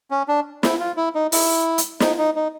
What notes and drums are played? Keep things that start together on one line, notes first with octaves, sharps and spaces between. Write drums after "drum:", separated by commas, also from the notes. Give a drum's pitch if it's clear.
C#4
D4
E4, drum: snare
F4
E4
D#4
E4, drum: open hi-hat
drum: hi-hat
D#4, drum: snare
D#4
D#4